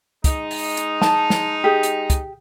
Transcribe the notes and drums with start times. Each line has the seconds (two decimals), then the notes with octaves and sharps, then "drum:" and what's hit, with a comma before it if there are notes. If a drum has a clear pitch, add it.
0.24 G#3 D#4, drum: kick, hi-hat
0.51 drum: open hi-hat
0.77 drum: hi-hat
1.01 A5, drum: snare
1.30 drum: snare
1.64 G4 G#4
1.83 drum: hi-hat
2.10 drum: kick, hi-hat